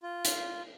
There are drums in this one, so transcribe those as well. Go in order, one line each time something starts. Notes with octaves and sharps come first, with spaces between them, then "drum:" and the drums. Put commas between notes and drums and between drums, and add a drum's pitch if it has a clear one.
F4
drum: hi-hat